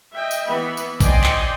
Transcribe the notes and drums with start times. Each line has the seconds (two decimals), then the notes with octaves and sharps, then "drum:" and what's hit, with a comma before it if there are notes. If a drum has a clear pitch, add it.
0.14 D#5 E5 G5
0.31 drum: tambourine
0.47 E3 B3 E5 B5
0.77 drum: tambourine
1.00 C5 D5 D#5 G5 G#5 C6, drum: kick A#1, tambourine
1.24 drum: clap